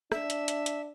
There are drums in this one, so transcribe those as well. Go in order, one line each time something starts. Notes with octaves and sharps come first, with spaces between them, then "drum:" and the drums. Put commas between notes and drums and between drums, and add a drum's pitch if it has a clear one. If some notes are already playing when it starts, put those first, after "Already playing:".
D4 E5, drum: rim click
drum: hi-hat
drum: hi-hat
drum: hi-hat